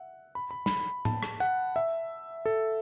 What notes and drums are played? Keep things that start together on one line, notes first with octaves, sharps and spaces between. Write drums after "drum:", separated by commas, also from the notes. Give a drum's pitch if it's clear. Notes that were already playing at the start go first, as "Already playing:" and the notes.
Already playing: E5 F#5
B5
B5
B5, drum: snare
A5, drum: tom A2
drum: rim click
F#5
E5
A4